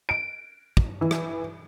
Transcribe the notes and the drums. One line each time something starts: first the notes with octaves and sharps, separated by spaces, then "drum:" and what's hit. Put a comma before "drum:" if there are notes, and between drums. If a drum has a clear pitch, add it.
D7
drum: kick
E3
drum: rim click